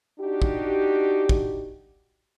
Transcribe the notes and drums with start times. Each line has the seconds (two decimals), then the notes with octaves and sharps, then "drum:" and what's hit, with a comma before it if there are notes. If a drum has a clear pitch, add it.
0.20 D4 D#4 F#4 G4
0.42 drum: kick
1.29 drum: kick